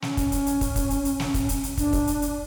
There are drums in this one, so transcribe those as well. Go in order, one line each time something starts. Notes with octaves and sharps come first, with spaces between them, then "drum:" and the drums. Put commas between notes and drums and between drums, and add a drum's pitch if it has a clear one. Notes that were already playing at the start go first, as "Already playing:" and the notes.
C#4, drum: snare
drum: kick, hi-hat
drum: hi-hat
drum: hi-hat
drum: kick, hi-hat
drum: kick, hi-hat
drum: hi-hat
drum: hi-hat
drum: snare
drum: kick, hi-hat
drum: hi-hat
drum: hi-hat
D4, drum: kick, hi-hat
drum: kick, hi-hat
drum: hi-hat
drum: hi-hat